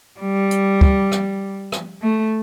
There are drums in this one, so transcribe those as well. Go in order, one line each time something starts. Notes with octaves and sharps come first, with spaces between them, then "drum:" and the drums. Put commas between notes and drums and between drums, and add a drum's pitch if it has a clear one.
G3
drum: hi-hat
drum: kick
drum: rim click
drum: rim click
A3